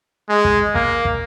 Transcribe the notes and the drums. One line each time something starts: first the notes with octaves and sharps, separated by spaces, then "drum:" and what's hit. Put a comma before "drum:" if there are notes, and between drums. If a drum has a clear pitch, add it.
G#3
drum: kick
A#3, drum: kick
drum: kick